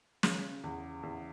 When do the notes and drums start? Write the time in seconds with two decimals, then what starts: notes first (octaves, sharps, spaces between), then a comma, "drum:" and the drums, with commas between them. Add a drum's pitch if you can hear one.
0.23 C#3, drum: snare
0.64 E2
1.03 E2